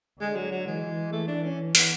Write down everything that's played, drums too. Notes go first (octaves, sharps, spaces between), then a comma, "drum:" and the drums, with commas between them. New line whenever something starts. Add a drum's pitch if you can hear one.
D3 G#3
F#3
F#3
E3 G#3
A3
D4
C#4
B3, drum: open hi-hat